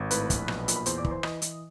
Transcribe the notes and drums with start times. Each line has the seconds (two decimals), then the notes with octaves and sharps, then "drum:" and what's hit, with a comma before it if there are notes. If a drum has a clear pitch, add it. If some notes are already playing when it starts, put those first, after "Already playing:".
Already playing: G#1
0.11 A2 B4 B5, drum: hi-hat
0.30 A#1, drum: kick, hi-hat
0.48 B1, drum: rim click
0.68 A#2, drum: hi-hat
0.76 B5
0.86 E2 C5 C6, drum: hi-hat
0.98 D5 D6
1.05 E3, drum: kick
1.11 C5 C6
1.23 E3 D#5 D#6, drum: rim click
1.42 E3, drum: hi-hat